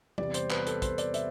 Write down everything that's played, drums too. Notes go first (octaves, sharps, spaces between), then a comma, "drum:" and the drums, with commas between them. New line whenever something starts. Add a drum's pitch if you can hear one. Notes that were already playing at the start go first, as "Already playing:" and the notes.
E2 C3 G3 B3 D5, drum: tom G3
C5, drum: hi-hat
B4, drum: clap
A4, drum: hi-hat
C5, drum: kick, hi-hat
D5, drum: hi-hat
E5, drum: hi-hat